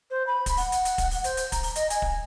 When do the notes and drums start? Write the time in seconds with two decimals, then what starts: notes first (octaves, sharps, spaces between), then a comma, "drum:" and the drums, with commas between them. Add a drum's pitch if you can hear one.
0.11 C5
0.27 B5
0.46 drum: kick, hi-hat
0.57 F#5, drum: open hi-hat
0.72 drum: hi-hat
0.85 drum: hi-hat
0.98 drum: kick, hi-hat
1.11 drum: open hi-hat
1.24 C5, drum: hi-hat
1.37 drum: hi-hat
1.52 A#5, drum: kick, hi-hat
1.63 drum: open hi-hat
1.76 D#5, drum: hi-hat
1.90 G#5, drum: hi-hat
2.02 drum: kick